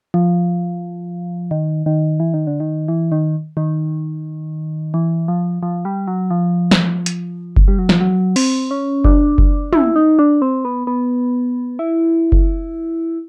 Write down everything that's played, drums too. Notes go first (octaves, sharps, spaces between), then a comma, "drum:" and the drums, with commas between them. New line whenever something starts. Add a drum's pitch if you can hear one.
F3
D#3
D#3
E3
D#3
D3
D#3
E3
D#3
D#3
E3
F3
F3
G3
F#3
F3
drum: snare
drum: hi-hat
drum: kick F#1
G3
F#3
F3, drum: snare
F#3
C4, drum: open hi-hat
C#4
D4, drum: kick F#1
drum: kick F#1
E4, drum: tom
D#4
D4
C4
B3
B3
E4
drum: kick F#1